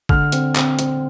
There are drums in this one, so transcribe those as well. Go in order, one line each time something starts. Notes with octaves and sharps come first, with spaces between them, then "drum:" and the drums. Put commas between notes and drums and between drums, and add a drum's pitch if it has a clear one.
D3 F6, drum: kick G#1
C4, drum: hi-hat
C4, drum: clap
C4, drum: hi-hat